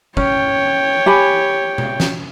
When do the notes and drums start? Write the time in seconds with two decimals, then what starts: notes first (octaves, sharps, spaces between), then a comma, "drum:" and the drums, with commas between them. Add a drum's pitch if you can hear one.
0.17 C#4 C#5 G5, drum: kick
1.06 G4 G#5 B5
1.78 drum: tom B2
2.00 drum: snare